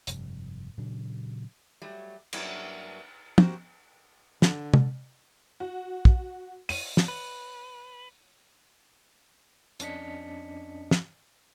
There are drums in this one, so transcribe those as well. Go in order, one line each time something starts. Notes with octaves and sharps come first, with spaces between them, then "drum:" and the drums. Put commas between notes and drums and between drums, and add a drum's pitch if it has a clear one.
F1 G2 C3, drum: hi-hat
A#2 C#3 F#3 D4
F#3 G3 A3
G2 F#3 A#3 C#4 D4 E4, drum: cymbal
A#3 F#4 G4 C5, drum: tom
D3, drum: snare
drum: tom
F#4
drum: kick
D#7, drum: open hi-hat
drum: snare
B4
F2 C#4 D4 D#5 B6 C#7, drum: hi-hat
drum: snare